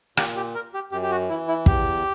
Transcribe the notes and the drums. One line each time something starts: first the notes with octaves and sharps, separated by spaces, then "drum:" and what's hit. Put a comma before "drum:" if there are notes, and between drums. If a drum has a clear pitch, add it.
A#2 G4, drum: rim click
G4
A#4
G4
F#2 G4
G4
F#4
E3 E4
E4
E2 G4, drum: kick